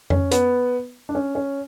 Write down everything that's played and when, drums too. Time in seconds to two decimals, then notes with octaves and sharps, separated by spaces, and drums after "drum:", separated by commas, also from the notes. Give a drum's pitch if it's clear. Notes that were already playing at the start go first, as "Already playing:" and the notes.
0.10 C#4, drum: tom F2
0.31 B3, drum: hi-hat
1.09 D4
1.15 C#4
1.35 C#4